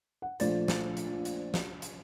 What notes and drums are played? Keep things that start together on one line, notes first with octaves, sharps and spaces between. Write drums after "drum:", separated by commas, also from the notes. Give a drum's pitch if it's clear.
F#5
A#1 F3 A3 C5 D5 A6, drum: hi-hat
drum: snare
drum: hi-hat
drum: hi-hat
drum: snare
drum: hi-hat